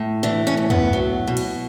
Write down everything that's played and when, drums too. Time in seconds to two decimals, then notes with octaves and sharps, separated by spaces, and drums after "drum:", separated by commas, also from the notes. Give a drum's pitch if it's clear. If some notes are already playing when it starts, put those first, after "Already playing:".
Already playing: A2
0.23 E3 D4
0.47 C#4
0.57 A2
0.70 B3, drum: tom
0.93 F#3
1.27 B2
1.37 drum: cymbal